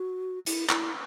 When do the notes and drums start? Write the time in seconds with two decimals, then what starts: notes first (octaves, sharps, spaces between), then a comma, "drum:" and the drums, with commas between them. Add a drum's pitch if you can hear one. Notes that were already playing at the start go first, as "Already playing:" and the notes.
Already playing: F#4
0.46 E4, drum: hi-hat
0.69 E4, drum: clap